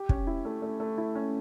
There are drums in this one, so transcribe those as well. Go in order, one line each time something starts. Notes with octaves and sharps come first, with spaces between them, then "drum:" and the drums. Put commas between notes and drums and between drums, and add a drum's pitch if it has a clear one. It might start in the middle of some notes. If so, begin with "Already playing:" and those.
Already playing: G4
C#4, drum: kick
E4
A3
A3
A3
E4
C#4